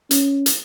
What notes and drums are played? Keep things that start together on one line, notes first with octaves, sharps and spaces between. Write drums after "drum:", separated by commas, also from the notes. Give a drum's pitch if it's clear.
C#4, drum: hi-hat
drum: hi-hat